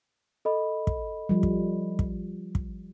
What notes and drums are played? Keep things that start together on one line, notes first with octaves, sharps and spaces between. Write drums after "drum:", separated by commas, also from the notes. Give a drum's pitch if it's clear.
A4 D#5 B5
drum: kick
F3 G3
drum: kick
drum: kick
drum: kick